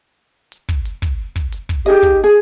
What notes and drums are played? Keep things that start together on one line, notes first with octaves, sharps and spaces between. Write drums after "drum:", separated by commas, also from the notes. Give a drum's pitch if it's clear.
drum: hi-hat
drum: kick, hi-hat
drum: hi-hat
drum: kick, hi-hat
drum: kick, hi-hat
drum: hi-hat
drum: kick, hi-hat
D#4 G4 G#4 D#5, drum: hi-hat
drum: kick, hi-hat
G#4